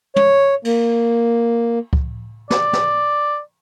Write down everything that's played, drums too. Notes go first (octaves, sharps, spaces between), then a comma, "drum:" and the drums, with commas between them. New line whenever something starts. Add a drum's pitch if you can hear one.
C#5, drum: tom
A#3, drum: cymbal
drum: kick C#2
D5, drum: snare
drum: snare